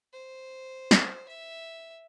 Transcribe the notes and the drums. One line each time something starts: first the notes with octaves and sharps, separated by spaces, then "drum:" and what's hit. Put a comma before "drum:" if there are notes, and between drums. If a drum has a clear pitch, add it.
C5
drum: snare
E5